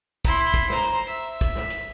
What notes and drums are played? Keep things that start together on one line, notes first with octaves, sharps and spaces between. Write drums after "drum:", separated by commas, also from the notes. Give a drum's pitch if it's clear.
E4 C6, drum: kick, hi-hat
drum: kick, hi-hat
C5 A#5, drum: snare
drum: hi-hat
E5
drum: kick, hi-hat
drum: snare
drum: hi-hat